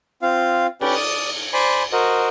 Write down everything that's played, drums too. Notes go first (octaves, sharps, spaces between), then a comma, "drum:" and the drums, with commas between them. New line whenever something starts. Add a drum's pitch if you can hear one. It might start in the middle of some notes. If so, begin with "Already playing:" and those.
C4 F4 F5
C#4 G4 B4 D5, drum: cymbal
D5 D#6
C5 D5 G#5 B5 C6
F#4 A#4 C5 D#5